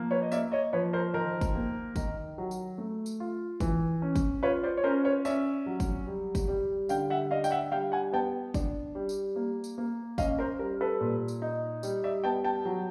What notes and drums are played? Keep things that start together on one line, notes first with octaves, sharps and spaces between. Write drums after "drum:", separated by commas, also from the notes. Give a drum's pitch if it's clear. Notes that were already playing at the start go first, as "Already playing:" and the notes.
Already playing: F3 A#3
B4 C#5
D#5
A#3 D5 E5, drum: tambourine
C#5 D#5
F3 B4 C#5
A#4 C5
D#3 A#4 C5
drum: kick, tambourine
A#3
D#3, drum: kick, tambourine
F#3
drum: tambourine
A3
drum: tambourine
F4
E3, drum: kick, tambourine
C#4
drum: kick, tambourine
F4 B4 C#5
C5 D5
C#5
C#4 A#4 C5
B4 C#5
C#4 D5 E5, drum: tambourine
F#3
drum: kick, tambourine
G3
drum: kick, tambourine
G3
D3 F5 G5, drum: tambourine
E5 F#5
D4 D#5 F5
G5, drum: tambourine
E5 F#5
G3 F5 G5
F#5 G#5
B3 G5 A5
D4, drum: kick, tambourine
G3
drum: tambourine
A#3
drum: tambourine
A#3
C#4 D#5 F5, drum: kick, tambourine
A#4 C5
G3 A#4
A4 B4
A#2
drum: tambourine
D#4
G3, drum: tambourine
D5 E5
B3 G5 A5
G5 A5
F#3